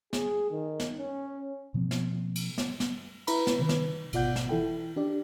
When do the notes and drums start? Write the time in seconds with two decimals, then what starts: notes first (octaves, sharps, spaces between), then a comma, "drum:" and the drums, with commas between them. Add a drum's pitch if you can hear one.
0.13 G#4, drum: snare
0.51 D#3
0.80 drum: snare
0.98 C#4
1.74 B2 F3 A#3 C4
1.91 drum: snare
2.35 drum: cymbal
2.58 drum: snare
2.80 drum: snare
3.27 E4 B4 A#5 B5, drum: cymbal
3.47 drum: snare
3.59 C3 D#3 B4
3.69 drum: snare
4.13 G#1 B2 F4 D5 F#5 G6, drum: cymbal
4.36 drum: snare
4.49 E3 E4 A4 G5
4.96 D4 G4 D5